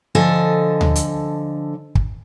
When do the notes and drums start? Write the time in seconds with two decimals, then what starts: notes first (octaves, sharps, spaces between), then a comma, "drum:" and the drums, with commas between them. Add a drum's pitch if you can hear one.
0.15 D3 F3 A4 D#5 G#5
0.81 drum: tom D2
0.95 drum: hi-hat
1.95 drum: kick